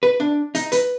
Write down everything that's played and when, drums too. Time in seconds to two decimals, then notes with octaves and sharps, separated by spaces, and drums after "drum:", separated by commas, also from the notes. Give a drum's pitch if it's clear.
0.03 B4
0.20 D4
0.55 D#4, drum: hi-hat
0.72 B4, drum: hi-hat